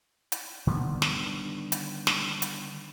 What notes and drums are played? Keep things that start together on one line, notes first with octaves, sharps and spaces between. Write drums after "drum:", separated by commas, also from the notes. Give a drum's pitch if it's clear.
drum: hi-hat
D3 D#3 G3 B3
drum: snare
drum: hi-hat
drum: snare
drum: hi-hat